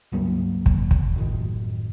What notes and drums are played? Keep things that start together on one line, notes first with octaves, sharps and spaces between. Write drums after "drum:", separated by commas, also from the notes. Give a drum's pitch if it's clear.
C#2 G2 F#3 A#3
drum: kick
drum: kick
F#2 A2 D#3